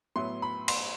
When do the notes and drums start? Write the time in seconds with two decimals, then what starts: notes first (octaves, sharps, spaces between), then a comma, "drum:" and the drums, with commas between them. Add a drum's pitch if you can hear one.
0.16 A2 F#3 B3 E4 C6
0.42 B5
0.68 C6, drum: cymbal